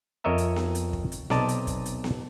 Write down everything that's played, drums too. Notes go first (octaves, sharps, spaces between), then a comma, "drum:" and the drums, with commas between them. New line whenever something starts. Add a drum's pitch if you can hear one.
F2 A#4 C#5 D#5 E5 A#5
drum: hi-hat
drum: snare B3
drum: hi-hat
drum: kick
drum: hi-hat
B1 C3 D5 D#5 A5 A#5, drum: snare B3
drum: hi-hat
drum: kick, hi-hat
drum: hi-hat
drum: snare B3